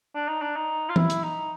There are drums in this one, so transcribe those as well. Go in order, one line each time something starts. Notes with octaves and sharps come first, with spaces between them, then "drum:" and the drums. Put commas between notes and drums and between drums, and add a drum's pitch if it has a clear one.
D4
D#4
D4
D#4
F4
E4, drum: tom E3
drum: hi-hat
D#4